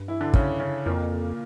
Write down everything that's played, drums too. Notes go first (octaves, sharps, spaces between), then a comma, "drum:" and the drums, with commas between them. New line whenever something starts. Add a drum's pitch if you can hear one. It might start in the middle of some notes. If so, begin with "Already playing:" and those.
Already playing: G2
E3 E4
D3 D4
C#3 C#4, drum: kick
C#3 C#4
F2 A#2 A#3